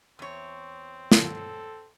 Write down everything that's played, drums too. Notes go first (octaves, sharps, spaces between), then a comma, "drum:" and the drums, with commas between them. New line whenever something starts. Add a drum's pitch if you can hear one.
E2 C4 C#5
A4, drum: snare